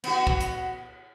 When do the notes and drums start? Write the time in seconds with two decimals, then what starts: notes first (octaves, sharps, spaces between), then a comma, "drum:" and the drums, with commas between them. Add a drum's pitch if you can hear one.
0.04 B3 F#4, drum: cymbal
0.27 drum: kick
0.41 drum: hi-hat